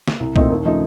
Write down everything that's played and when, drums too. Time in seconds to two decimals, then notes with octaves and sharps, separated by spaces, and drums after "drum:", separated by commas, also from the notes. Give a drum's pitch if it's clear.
0.08 drum: snare
0.20 C2
0.36 A#2 A3 C4 D#4, drum: kick B1
0.50 D#2
0.65 C#3 F3 A3 D#4